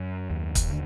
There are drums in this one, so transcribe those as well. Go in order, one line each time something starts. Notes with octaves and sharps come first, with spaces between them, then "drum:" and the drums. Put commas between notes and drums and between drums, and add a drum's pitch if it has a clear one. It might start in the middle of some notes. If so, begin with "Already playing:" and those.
Already playing: F#2 F#3
D#2
drum: kick, hi-hat
D3